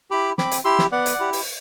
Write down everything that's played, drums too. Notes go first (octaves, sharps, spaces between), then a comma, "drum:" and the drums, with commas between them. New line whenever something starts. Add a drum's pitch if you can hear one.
E4 G4 B5 D6
C4 B5 D6, drum: snare
drum: hi-hat
E4 G4 C6 E6
drum: snare
B3 D5 F#5
drum: hi-hat
E4 G4
drum: open hi-hat